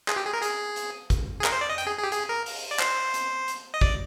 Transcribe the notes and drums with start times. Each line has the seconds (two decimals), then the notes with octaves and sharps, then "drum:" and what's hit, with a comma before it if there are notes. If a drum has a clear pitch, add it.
0.08 G#4, drum: clap
0.16 G4
0.25 G#4
0.33 A#4
0.42 G#4, drum: hi-hat
0.76 drum: hi-hat
1.10 drum: kick G#1, hi-hat
1.40 G#4
1.44 A#4, drum: clap
1.52 C5
1.61 D5
1.70 D#5
1.78 G5, drum: hi-hat
1.87 G#4
1.99 G#4
2.03 G4
2.12 G#4, drum: hi-hat
2.29 A#4
2.46 drum: open hi-hat
2.71 D5
2.79 C5, drum: clap
3.14 drum: hi-hat
3.48 drum: hi-hat
3.74 D#5
3.81 D5, drum: kick G#1